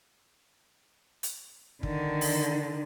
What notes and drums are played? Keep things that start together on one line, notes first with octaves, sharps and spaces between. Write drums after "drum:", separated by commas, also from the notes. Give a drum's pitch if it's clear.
drum: hi-hat
D3 D#3, drum: kick
drum: open hi-hat